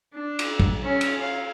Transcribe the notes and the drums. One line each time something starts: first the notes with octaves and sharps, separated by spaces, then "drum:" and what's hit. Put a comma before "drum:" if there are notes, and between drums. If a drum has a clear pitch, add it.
D4
drum: cymbal
drum: kick
C#4
drum: cymbal
F5